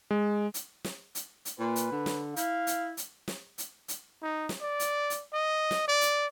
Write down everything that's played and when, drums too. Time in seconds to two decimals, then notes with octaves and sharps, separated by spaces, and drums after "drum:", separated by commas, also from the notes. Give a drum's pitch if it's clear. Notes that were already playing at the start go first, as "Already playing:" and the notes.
0.11 G#3
0.54 drum: hi-hat
0.84 drum: snare
1.15 drum: hi-hat
1.45 drum: hi-hat
1.60 A#2 B4
1.76 drum: hi-hat
1.92 D3
2.06 drum: snare
2.36 E4 F5, drum: hi-hat
2.67 drum: hi-hat
2.97 drum: hi-hat
3.28 drum: snare
3.58 drum: hi-hat
3.88 drum: hi-hat
4.23 D#4
4.49 drum: snare
4.61 D5
4.80 drum: hi-hat
5.10 drum: hi-hat
5.33 D#5
5.71 drum: snare
5.88 D5
6.01 drum: hi-hat